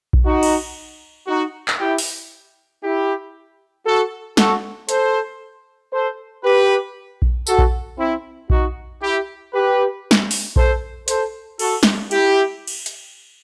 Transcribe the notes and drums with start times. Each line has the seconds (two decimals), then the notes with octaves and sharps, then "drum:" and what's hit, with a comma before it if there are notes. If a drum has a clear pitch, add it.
0.13 drum: kick A#1
0.25 D#4 F#4
0.43 drum: cymbal
1.27 D#4 F#4
1.68 drum: clap
1.79 E4 G4
1.98 drum: open hi-hat
2.83 E4 G4
3.86 F#4 A4
4.37 F#4 A4, drum: snare
4.89 A4 C5, drum: hi-hat
5.92 A4 C5
6.44 G4 B4
7.22 drum: kick A#1
7.47 F#4 A4, drum: tambourine
7.59 drum: kick A#1
7.98 C4 E4
8.50 D#4 F#4, drum: kick A#1
9.01 E4 G4
9.53 G4 B4
10.11 drum: snare
10.31 drum: open hi-hat
10.56 A4 C5, drum: kick A#1
11.08 A4 C5, drum: hi-hat
11.59 F#4 A4, drum: cymbal
11.83 drum: snare
12.11 E4 G4, drum: cymbal
12.67 drum: cymbal
12.86 drum: hi-hat